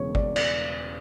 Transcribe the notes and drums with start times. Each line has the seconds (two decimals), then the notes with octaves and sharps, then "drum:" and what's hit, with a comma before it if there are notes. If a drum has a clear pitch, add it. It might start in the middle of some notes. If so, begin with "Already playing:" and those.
Already playing: E1 E2 C#3 G#3 C#5
0.15 D5, drum: kick
0.36 D5, drum: cymbal